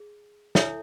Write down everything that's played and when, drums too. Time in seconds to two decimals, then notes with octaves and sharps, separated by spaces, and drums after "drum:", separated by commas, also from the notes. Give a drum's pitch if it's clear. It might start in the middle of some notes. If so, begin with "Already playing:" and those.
Already playing: G#4
0.55 E4 A4 C#5 E5 G#5, drum: snare